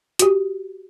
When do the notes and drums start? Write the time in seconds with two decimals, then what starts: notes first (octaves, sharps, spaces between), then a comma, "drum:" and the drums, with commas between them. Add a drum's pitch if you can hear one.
0.19 F#4 G4, drum: hi-hat